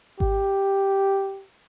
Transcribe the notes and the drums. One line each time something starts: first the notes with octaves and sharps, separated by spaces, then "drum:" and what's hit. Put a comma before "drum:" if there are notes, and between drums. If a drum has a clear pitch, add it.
G4, drum: kick G#1